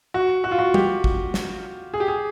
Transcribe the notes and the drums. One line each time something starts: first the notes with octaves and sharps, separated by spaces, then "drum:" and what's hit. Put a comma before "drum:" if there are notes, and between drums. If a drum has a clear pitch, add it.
F#4
F#4
F4
F#4
G4, drum: tom G3
drum: kick
drum: snare
G#4
G4
G#4